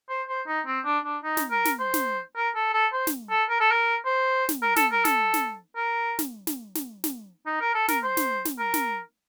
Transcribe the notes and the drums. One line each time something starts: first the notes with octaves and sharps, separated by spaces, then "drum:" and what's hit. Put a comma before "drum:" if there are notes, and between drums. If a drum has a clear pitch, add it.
C5
C5
D#4
C4
D4
D4
D#4
drum: snare
A#4
drum: snare
C5
drum: snare
A#4
A4
A4
C5
drum: snare
A4
A#4
A4
A#4
C5
drum: snare
A#4
A4, drum: snare
A#4
A4, drum: snare
drum: snare
A#4
drum: snare
drum: snare
drum: snare
drum: snare
D#4
A#4
A4
A#4, drum: snare
C5
drum: snare
drum: snare
A#4
drum: snare